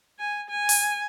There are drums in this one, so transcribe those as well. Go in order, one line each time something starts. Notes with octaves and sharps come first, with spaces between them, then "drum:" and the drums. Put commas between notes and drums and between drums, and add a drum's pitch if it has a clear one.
G#5
G#5
drum: open hi-hat